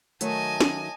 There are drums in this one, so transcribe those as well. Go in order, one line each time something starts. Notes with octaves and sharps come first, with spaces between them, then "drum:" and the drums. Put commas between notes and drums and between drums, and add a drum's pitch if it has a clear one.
D#3 F#3 A3 D#5 G#5 A5, drum: hi-hat
drum: snare